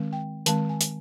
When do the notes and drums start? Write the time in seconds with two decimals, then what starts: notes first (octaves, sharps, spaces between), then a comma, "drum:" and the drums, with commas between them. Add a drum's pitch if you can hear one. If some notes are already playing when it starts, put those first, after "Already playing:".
Already playing: D#3 G#3 C4
0.13 G5
0.46 D#3 G#3 C4 A5, drum: hi-hat
0.69 G#5
0.81 drum: hi-hat